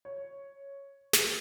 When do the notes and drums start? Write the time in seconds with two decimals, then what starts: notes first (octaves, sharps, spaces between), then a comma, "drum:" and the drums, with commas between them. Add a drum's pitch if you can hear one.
0.05 C#5
1.13 drum: snare